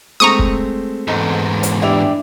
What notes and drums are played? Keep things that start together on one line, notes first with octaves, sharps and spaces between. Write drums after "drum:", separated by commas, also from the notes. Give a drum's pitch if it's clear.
G#3 A3 C4 A#5 C#6 D#6
drum: kick
E2 G#2 D#4 A4 A5
drum: hi-hat
D4 E4 G4 E5 F7